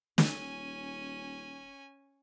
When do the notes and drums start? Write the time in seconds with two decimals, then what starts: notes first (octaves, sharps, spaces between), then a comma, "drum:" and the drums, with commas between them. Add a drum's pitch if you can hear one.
0.18 D#1 C#4 G#5, drum: snare